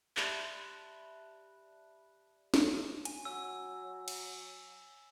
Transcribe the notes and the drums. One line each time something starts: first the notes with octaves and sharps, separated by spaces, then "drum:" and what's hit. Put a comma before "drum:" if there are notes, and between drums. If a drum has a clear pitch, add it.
G4 D5 E5 A5 B5 F#6, drum: clap
drum: snare
G#5, drum: hi-hat
F#3 E6
drum: cymbal